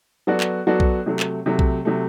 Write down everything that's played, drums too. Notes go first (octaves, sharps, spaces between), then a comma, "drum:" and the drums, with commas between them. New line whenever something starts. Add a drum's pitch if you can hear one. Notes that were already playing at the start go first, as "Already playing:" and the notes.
F#3 B3 F#4 A4 D5
drum: clap
F#3 B3 F#4 A4 D5
drum: kick B1
C3 F#3 A3
drum: clap
C3 F#3 A3
drum: kick B1
C3 F#3 A3